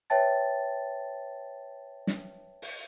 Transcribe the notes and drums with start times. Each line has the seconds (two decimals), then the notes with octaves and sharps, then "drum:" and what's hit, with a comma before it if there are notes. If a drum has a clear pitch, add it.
0.10 B4 C#5 E5 G5 A5 A6
2.07 drum: snare
2.62 drum: open hi-hat